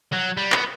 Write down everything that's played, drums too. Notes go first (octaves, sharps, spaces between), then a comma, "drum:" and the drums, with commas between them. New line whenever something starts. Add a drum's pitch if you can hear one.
F#3
G3
B3, drum: clap